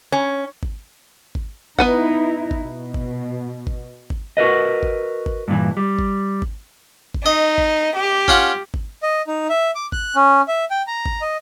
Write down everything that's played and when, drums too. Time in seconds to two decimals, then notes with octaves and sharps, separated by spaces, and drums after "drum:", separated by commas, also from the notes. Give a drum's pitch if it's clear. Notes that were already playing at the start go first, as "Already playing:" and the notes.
0.12 C#4
0.63 drum: kick G#1
1.35 drum: kick G#1
1.79 B3 D#4 E4 B4 F#5, drum: kick G#1
2.51 drum: kick G#1
2.63 B2
2.94 drum: kick G#1
3.67 drum: kick G#1
4.10 drum: kick G#1
4.37 F#4 A#4 B4 D#5
4.83 drum: kick G#1
5.26 drum: kick G#1
5.48 G2 A#2 D3 E3
5.77 G3
5.99 drum: kick G#1
6.42 drum: kick G#1
7.14 drum: kick G#1
7.26 D#4 D#5
7.58 drum: kick G#1
7.96 G4
8.28 C#4 F4 F#5, drum: kick G#1
8.74 drum: kick G#1
9.03 D#5
9.27 D#4
9.49 E5
9.75 D6
9.92 F#6, drum: kick G#1
10.16 C#4
10.48 E5
10.71 G5
10.87 A#5
11.06 drum: kick G#1
11.21 D#5